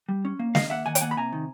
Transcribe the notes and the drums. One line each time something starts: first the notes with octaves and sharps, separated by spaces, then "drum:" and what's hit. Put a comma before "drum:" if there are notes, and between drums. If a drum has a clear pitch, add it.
G3
C#4
A#3
D#3 D#5 F5, drum: snare
A#3 E5 F#5
D#3 F#5 G#5
G5, drum: hi-hat
A#3 F#5 G#5
B5
C3 G#5 A#5
D#3